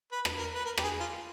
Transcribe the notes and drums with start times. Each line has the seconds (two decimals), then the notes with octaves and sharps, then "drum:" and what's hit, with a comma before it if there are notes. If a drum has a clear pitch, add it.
0.12 B4
0.25 drum: rim click
0.38 A#4
0.55 B4
0.65 A#4
0.78 G4, drum: rim click
0.83 G#4
1.00 F4